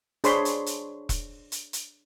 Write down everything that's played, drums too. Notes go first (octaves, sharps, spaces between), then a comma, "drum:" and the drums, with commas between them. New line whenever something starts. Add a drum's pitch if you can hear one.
D4 G#4 C5 C#5 B5 C6, drum: hi-hat
drum: hi-hat
drum: hi-hat
drum: kick E1, hi-hat
drum: hi-hat
drum: hi-hat